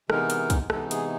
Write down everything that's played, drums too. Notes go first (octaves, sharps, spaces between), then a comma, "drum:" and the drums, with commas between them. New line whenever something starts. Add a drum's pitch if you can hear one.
C3 E3 G#3 B3 D#4 A#4, drum: rim click
drum: hi-hat
drum: kick, hi-hat
C3 E3 G#3 B3 D#4 A4, drum: rim click
G#4, drum: hi-hat